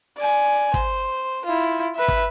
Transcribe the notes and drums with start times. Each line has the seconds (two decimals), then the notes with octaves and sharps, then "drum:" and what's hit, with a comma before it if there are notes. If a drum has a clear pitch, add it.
0.18 D5 G#5
0.29 drum: hi-hat
0.74 C5, drum: kick
1.45 E4 F4
1.95 B4 E5
2.08 drum: kick